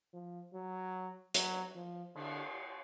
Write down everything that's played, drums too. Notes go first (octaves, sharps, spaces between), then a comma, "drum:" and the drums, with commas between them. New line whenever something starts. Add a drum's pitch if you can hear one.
F3
F#3
F#3, drum: hi-hat
F3
D3, drum: cymbal